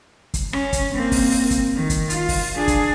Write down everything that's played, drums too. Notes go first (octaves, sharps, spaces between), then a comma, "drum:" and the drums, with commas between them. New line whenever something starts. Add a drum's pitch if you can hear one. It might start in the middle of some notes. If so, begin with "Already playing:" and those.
drum: kick, hi-hat
C#4, drum: rim click
drum: kick, hi-hat
A#3 C4
drum: kick, open hi-hat
drum: open hi-hat
drum: kick, hi-hat
D#3
drum: kick, hi-hat
F4, drum: hi-hat
drum: kick, open hi-hat
D4 G#4
drum: kick, hi-hat